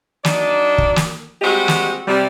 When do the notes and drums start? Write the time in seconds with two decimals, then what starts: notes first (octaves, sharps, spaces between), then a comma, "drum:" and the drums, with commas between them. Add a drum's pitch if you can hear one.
0.25 F#3 D4 D#4 D5, drum: snare
0.78 drum: kick
0.96 drum: snare
1.42 G3 G#3 C4 F#4 G4 D#5
1.68 drum: snare
2.08 C3 G3